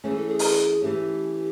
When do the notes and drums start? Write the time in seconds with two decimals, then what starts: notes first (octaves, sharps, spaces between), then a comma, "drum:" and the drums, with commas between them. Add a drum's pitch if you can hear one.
0.04 E3 A3 C#4 G#4
0.17 A4
0.29 G#4
0.39 drum: open hi-hat
0.82 E3 A3 C#4 G4